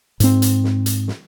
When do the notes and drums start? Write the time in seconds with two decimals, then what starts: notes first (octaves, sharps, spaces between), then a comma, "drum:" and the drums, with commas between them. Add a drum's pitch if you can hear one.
0.20 G#2 C4, drum: hi-hat
0.42 drum: hi-hat
0.64 drum: snare
0.86 drum: hi-hat
1.08 drum: snare